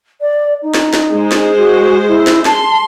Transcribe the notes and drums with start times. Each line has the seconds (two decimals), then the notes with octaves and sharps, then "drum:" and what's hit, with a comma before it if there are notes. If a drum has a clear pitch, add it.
0.21 D5
0.62 D#4
0.74 drum: snare
0.94 drum: snare
1.11 G#3 C5
1.32 drum: snare
1.57 F#4
2.08 E4
2.27 drum: snare
2.45 A5 C6, drum: snare